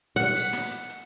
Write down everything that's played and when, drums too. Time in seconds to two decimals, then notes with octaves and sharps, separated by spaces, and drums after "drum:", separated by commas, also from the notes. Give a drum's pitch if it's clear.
0.16 F#5, drum: hi-hat
0.35 drum: open hi-hat
0.53 drum: snare
0.71 drum: hi-hat
0.90 drum: hi-hat